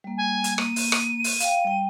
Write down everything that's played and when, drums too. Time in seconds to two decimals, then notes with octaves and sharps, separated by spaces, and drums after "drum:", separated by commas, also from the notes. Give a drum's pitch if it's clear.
0.04 G3 A#3
0.17 G#5
0.44 drum: hi-hat
0.58 A#3 D#7, drum: rim click
0.76 drum: open hi-hat
0.92 drum: rim click
1.24 drum: open hi-hat
1.40 F5 G5, drum: hi-hat
1.65 G3 G5